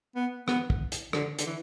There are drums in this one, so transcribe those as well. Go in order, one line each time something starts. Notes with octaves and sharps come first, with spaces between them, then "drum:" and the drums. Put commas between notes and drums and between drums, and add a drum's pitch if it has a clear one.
B3
B3, drum: rim click
drum: kick
drum: hi-hat
D3, drum: rim click
D3, drum: hi-hat
E3